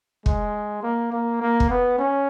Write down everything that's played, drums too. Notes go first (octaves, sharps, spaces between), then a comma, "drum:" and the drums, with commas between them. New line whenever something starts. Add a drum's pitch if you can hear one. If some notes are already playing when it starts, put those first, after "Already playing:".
G#3, drum: kick
A#3
A#3
A#3
drum: kick
B3
C#4